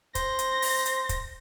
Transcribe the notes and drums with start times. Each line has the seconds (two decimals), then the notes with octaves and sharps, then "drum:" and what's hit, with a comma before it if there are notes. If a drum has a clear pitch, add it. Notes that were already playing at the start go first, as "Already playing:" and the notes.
0.15 C5 A#6, drum: kick, hi-hat
0.39 drum: hi-hat
0.62 drum: open hi-hat
0.86 drum: hi-hat
1.09 drum: kick, hi-hat